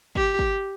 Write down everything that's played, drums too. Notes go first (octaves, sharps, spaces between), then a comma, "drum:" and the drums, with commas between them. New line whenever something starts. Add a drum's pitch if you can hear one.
G4, drum: kick
drum: kick